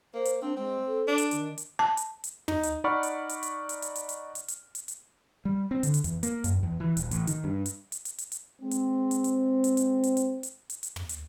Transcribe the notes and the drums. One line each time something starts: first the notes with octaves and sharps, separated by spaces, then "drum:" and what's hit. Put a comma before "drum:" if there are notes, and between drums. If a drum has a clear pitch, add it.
A#3 C5
drum: hi-hat
C4 D4
G#3 C4
A4
D4
drum: hi-hat
D#3, drum: hi-hat
drum: hi-hat
A5
drum: hi-hat
drum: hi-hat
D#4, drum: tom
drum: hi-hat
D#4 D5 F#5 B5 C#6 F6
drum: hi-hat
drum: hi-hat
drum: hi-hat
drum: hi-hat
drum: hi-hat
drum: hi-hat
drum: hi-hat
drum: hi-hat
drum: hi-hat
drum: hi-hat
drum: hi-hat
G3
C4
D3, drum: hi-hat
drum: hi-hat
E2, drum: hi-hat
A#3, drum: hi-hat
F#2, drum: hi-hat
E2
E3
D#1, drum: hi-hat
A1, drum: hi-hat
D#3, drum: hi-hat
G2
drum: hi-hat
drum: hi-hat
drum: hi-hat
drum: hi-hat
drum: hi-hat
G#3 C4
drum: hi-hat
drum: hi-hat
drum: hi-hat
drum: hi-hat
drum: hi-hat
drum: hi-hat
drum: hi-hat
drum: hi-hat
drum: hi-hat
drum: hi-hat
drum: tom
drum: hi-hat